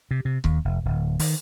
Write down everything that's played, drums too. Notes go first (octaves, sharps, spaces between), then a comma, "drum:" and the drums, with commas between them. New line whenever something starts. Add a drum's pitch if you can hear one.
C3
C3
D#2, drum: kick C#1
F1
D1
D#3, drum: open hi-hat